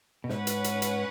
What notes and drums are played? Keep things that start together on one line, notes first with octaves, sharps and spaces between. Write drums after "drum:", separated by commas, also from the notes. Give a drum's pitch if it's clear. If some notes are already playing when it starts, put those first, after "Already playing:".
B2
G#2 C#4 B4 F#5, drum: snare
drum: hi-hat
drum: hi-hat
drum: hi-hat